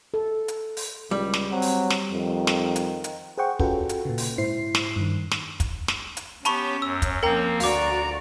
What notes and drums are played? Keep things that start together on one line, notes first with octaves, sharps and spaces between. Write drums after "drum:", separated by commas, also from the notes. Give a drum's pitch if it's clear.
A4
drum: hi-hat
drum: open hi-hat
C#2 G3
drum: snare
F#3 C4
drum: open hi-hat
drum: snare
F2 D#3
drum: snare
drum: hi-hat
drum: hi-hat
G#4 C5 F#5 G5 C#6
C#4 F4 F#4 A4 B4 G5, drum: kick
drum: hi-hat
A#2 C#3
drum: open hi-hat
G#2 E4 C5 C7
drum: snare
G2 D#3
drum: snare
drum: kick, hi-hat
drum: snare
drum: hi-hat
B3 C#4 G4 A5 B5 C#6, drum: hi-hat
F#2 E6
drum: kick, hi-hat
F3 A#3 C4 A#4 G5 A#5
D2 F#4 D5 F5 A#5 D6, drum: open hi-hat